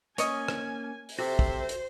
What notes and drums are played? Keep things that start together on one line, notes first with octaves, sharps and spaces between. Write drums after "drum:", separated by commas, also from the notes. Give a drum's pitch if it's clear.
A#3 C#4 C#5 D#5 G#5, drum: hi-hat
drum: rim click
drum: open hi-hat
C3 F#4 A4 C5 E5
drum: kick
drum: hi-hat